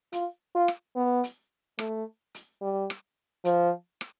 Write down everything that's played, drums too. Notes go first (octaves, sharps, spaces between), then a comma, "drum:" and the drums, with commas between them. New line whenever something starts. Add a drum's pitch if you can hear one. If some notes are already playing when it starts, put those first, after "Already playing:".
F4, drum: hi-hat
F4
drum: rim click
B3
drum: hi-hat
A3, drum: rim click
drum: hi-hat
G3
drum: rim click
F3, drum: hi-hat
drum: rim click